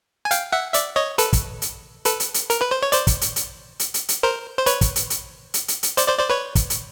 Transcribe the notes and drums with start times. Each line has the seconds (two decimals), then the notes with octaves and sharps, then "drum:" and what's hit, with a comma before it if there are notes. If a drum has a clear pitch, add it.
0.25 G#5
0.31 F5 G5, drum: hi-hat
0.52 E5 F#5
0.74 D5 E5, drum: hi-hat
0.96 C#5 D#5
1.18 A4 B4, drum: hi-hat
1.33 drum: kick, hi-hat
1.62 drum: hi-hat
2.05 A4 B4, drum: hi-hat
2.20 drum: hi-hat
2.34 drum: hi-hat
2.50 A#4, drum: hi-hat
2.61 B4
2.71 C5
2.82 C#5
2.92 C5 D5, drum: hi-hat
3.07 drum: kick, hi-hat
3.21 drum: hi-hat
3.36 drum: hi-hat
3.79 drum: hi-hat
3.94 drum: hi-hat
4.09 drum: hi-hat
4.23 A#4 C5
4.58 C5
4.66 B4 C#5, drum: hi-hat
4.81 drum: kick, hi-hat
4.96 drum: hi-hat
5.10 drum: hi-hat
5.54 drum: hi-hat
5.68 drum: hi-hat
5.83 drum: hi-hat
5.97 C5 D5, drum: hi-hat
6.08 C5 D5
6.19 C5 D5
6.30 B4 C#5
6.55 drum: kick, hi-hat
6.70 drum: hi-hat